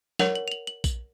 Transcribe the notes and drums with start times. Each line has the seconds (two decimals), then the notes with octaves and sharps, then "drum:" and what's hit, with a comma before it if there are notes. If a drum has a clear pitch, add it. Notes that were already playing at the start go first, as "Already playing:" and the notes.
0.19 A#4 C#5 F#5 F7, drum: snare
0.35 F#7
0.48 F7
0.52 F#7
0.67 F#7
0.84 F#7, drum: kick A#1, tambourine